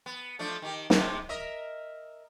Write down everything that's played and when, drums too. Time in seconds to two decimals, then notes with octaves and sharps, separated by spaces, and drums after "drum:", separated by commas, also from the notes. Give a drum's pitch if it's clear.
0.06 B3
0.39 F3 A3 D4
0.62 D#3 G4
0.90 G#2 C3 F3, drum: snare
1.29 A#4 D#5 E5